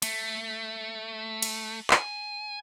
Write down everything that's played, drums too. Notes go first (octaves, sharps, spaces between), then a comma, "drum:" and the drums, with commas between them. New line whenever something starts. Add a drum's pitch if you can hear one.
A3, drum: cymbal
drum: cymbal
G#5, drum: clap